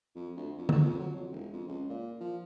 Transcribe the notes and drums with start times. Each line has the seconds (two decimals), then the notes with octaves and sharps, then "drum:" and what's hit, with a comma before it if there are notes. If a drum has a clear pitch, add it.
0.16 F2
0.37 D2
0.58 F2
0.69 drum: tom D3
0.81 F2
0.99 F#3
1.16 F2
1.32 E1
1.53 F2
1.68 C#2
1.90 A#2
2.20 F3